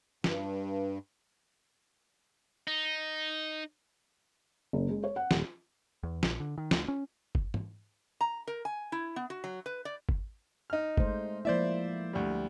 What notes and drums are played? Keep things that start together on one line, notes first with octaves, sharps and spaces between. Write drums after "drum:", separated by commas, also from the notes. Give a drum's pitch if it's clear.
G2, drum: snare
D#4
F#1
G#3
C#5
F#5
D#1, drum: snare
E2
A#1, drum: snare
D3
D#3
D2, drum: snare
C#4
drum: kick
drum: tom G#2
A#5
A#4
G#5
E4
B3
F#4
F#3
B4
D5
drum: kick
D#4 F6
G#3 A3 C5, drum: kick
F3 A#3 E4 C5 D5 E5
D2 G3